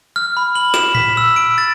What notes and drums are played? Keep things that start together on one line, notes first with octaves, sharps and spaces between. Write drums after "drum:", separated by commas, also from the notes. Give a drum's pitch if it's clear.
F6
B5
F#7
E7, drum: snare
B6, drum: tom A2
E6
D7
A6